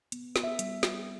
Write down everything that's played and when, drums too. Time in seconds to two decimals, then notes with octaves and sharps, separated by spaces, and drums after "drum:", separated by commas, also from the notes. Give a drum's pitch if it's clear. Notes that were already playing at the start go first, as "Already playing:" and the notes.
0.12 B3, drum: hi-hat
0.36 B3, drum: snare
0.43 E5
0.59 G3, drum: hi-hat
0.83 drum: snare